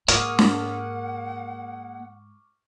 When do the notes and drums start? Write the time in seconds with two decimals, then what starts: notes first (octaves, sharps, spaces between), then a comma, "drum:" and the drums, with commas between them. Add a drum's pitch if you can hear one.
0.08 G#2 A#3 G#4 F#5 C#6 D6 F6, drum: hi-hat
0.39 drum: snare